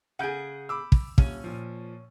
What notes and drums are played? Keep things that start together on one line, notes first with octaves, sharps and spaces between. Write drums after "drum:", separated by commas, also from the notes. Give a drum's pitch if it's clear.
C#3 G#4 F#5 G6 D7
B5 D6 E6
drum: kick
D#1 C#4, drum: kick
A#2 F3